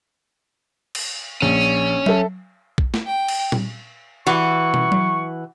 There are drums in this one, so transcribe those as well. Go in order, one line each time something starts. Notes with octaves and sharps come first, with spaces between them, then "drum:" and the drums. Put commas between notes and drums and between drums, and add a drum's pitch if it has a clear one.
drum: cymbal
A#1 C#4
A4 E5, drum: tom F#3
drum: kick
drum: snare
G5
drum: cymbal
drum: tom A#2
E3 F#4 C#6
drum: tom
drum: tom F#3